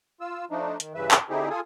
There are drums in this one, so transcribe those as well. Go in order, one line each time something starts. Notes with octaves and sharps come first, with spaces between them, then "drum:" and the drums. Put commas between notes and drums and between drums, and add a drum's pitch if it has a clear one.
F4 E6
F3 A3 D4 D#4
D#3, drum: hi-hat
G2 C#3 E3 B4 E5
drum: clap
D3 C4 D#4 E4 G4 G#4
F4 G#4 A4 G#5 D#6